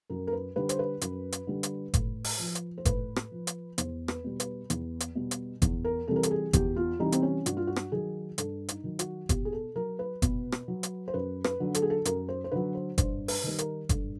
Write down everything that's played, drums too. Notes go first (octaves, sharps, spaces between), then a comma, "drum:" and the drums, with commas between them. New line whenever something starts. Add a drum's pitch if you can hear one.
F#2 A#4
A#4
B4
D3 G3 B4
C5, drum: hi-hat
B4
F#2, drum: hi-hat
drum: hi-hat
D3 G3
drum: hi-hat
A2, drum: kick F#1, hi-hat
drum: open hi-hat
F3
drum: hi-hat
C5
A2 B4, drum: kick F#1, hi-hat
drum: rim click
F3
drum: hi-hat
E2 C5, drum: hi-hat
B4, drum: rim click
B2 G3
B4, drum: hi-hat
E2, drum: hi-hat
drum: hi-hat
B2 G3
drum: hi-hat
E2, drum: kick F#1, hi-hat
A#4
C3 E3 G3 A4
A#4
A4, drum: hi-hat
G#4
E2 G4, drum: kick F#1, hi-hat
F4
C3 E3 G3 D#4
C4, drum: hi-hat
C#4
G2 F#4, drum: hi-hat
F4
F#4
drum: rim click
D#3 F#3 G#4
G2 A4, drum: hi-hat
D#4, drum: hi-hat
D#3 F#3
F#4, drum: hi-hat
B2 G4, drum: kick F#1, hi-hat
G#4
A4
F#3 A#4
B4
B2, drum: kick F#1, hi-hat
drum: rim click
F#3
drum: hi-hat
C5
F#2 B4
B4, drum: rim click
D3 F#3
A4, drum: hi-hat
G#4
A4
F#2 A#4, drum: hi-hat
C5
C5
D3 F#3 B4
C5
G2 C5, drum: kick F#1, hi-hat
B4, drum: open hi-hat
D#3 G3 B4
A#4, drum: hi-hat
G2 A4, drum: kick F#1, hi-hat